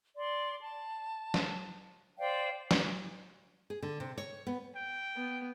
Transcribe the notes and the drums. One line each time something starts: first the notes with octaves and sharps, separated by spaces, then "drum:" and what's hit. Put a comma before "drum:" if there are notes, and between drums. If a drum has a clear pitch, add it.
D5 C6
A5
drum: snare
C5 D5 F5 G5
drum: snare
G#4
D3
C3
C#5
B3
G5
B3